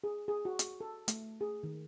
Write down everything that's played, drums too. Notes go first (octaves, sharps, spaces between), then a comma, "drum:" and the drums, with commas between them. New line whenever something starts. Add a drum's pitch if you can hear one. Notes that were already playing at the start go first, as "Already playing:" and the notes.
G#4
G#4
F#4
drum: hi-hat
A4
A3, drum: hi-hat
G#4
D#3